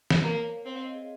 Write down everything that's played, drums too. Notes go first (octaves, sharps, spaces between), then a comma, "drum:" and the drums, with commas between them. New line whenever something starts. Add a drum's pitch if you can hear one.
drum: snare
A#3 C5
C#5
F5
C4 F5
D#5
G#4